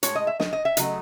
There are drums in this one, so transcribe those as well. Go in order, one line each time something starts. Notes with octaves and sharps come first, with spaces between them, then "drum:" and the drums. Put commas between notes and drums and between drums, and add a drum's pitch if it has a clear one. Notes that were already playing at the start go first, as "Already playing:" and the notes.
A2 G#3 C#5, drum: hi-hat
D#5
E5
D#5, drum: snare
D#5
E5
C#3 F#3 A3 D#5, drum: hi-hat